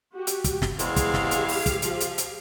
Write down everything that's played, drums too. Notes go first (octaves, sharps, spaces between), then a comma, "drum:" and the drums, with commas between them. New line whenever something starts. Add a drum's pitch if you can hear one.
F#4 G4
drum: hi-hat
drum: kick, hi-hat
drum: snare
E2 G#3 C4 G4 G#4 F5, drum: hi-hat
drum: kick, hi-hat
drum: snare
drum: hi-hat
drum: open hi-hat
drum: kick, hi-hat
F3, drum: hi-hat
drum: hi-hat
drum: hi-hat